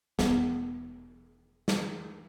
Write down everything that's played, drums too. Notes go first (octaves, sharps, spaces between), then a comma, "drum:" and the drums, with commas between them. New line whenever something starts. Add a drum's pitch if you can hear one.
E1 B3, drum: snare
drum: snare